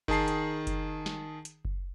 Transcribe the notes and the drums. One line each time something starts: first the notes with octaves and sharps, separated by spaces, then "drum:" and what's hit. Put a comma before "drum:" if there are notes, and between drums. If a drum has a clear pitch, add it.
D#3 G#4 A5 C7, drum: kick F#1
drum: hi-hat
drum: kick F#1, hi-hat
drum: snare
drum: hi-hat
drum: kick F#1